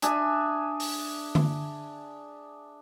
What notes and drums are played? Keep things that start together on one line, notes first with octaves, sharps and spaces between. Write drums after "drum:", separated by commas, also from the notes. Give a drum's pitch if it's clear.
D4 G#4 E5 G#5, drum: hi-hat
drum: open hi-hat
drum: tom D3